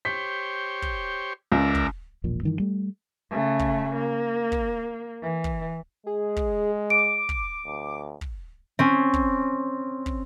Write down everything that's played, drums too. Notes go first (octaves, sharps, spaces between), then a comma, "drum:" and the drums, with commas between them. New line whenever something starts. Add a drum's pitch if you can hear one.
G4 C5 C#5 B6
drum: kick
C#2 A#4 D5 E5
drum: kick
E1 A#1 A#2
G2 D#3 E3
G3 A3
C#3 A3
drum: kick
A#3
drum: kick
E3
drum: kick
G#3 G#4
drum: kick
D6 D7
drum: kick
D2
drum: kick
C4 C#4
drum: kick
drum: kick